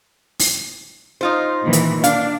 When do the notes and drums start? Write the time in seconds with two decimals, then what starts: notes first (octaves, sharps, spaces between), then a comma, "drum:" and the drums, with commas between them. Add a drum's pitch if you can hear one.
0.39 drum: open hi-hat
1.21 D#4 F4 C5
1.63 A#2 D#3 E3
1.73 drum: hi-hat
2.04 D4 F5, drum: hi-hat